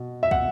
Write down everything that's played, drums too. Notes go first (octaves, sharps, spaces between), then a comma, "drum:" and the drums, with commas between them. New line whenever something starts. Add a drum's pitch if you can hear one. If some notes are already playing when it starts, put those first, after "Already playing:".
Already playing: B2
E5
F#5, drum: kick